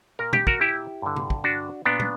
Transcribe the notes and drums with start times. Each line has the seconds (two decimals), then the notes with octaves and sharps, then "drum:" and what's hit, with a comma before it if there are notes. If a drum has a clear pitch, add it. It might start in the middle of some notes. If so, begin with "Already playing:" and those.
0.19 A#2 A#4
0.33 G4, drum: tom
0.47 F#4 A#4, drum: kick
0.61 E4 G4
1.02 G2 D3
1.16 drum: tom
1.30 drum: kick
1.44 D4 F#4
1.85 A#2 B3 D4
2.00 drum: tom